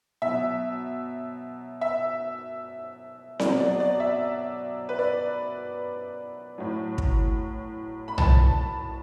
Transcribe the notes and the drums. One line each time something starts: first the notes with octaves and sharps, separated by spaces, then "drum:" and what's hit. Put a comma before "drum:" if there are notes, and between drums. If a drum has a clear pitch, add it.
B2 F#3 E5
E5
B2 F#3 D5, drum: snare C4
D5
D5
E5
B4
D5
A2 F#3
drum: kick
B5
A5, drum: tom B1